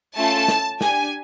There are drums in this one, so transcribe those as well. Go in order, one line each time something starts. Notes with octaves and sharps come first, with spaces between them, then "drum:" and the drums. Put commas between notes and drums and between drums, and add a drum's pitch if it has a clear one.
A3 C#4 F4 A4 A5
drum: snare
D4 G4 G#5, drum: snare